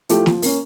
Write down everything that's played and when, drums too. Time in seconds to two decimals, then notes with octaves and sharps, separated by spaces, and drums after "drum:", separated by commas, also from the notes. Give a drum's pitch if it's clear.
0.09 F3 A3 E4 G4, drum: hi-hat
0.26 F3, drum: snare
0.42 A#3 C#4, drum: open hi-hat